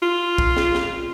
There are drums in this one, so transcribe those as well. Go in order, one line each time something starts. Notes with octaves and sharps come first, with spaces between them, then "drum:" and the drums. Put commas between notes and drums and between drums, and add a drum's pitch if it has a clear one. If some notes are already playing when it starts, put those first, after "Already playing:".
F4
drum: kick
drum: snare
drum: snare